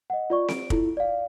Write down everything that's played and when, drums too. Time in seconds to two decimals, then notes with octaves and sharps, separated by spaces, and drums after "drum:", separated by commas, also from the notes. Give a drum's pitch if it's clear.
0.10 D#5 F#5
0.30 F4 D5 C#6
0.48 D7, drum: snare C4
0.70 E4 F4 A4, drum: kick
0.97 D5 F5